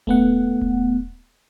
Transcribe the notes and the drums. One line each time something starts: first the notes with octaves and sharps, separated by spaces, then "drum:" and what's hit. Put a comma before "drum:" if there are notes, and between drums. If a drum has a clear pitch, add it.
A3 B3 F#5, drum: kick D#1
drum: kick D#1